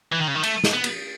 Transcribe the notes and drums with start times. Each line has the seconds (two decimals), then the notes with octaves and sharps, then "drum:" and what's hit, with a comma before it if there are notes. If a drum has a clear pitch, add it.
0.13 E3
0.20 D#3
0.28 C#3
0.36 D#3
0.43 A3, drum: cymbal
0.64 drum: snare
0.74 B3
0.84 drum: cymbal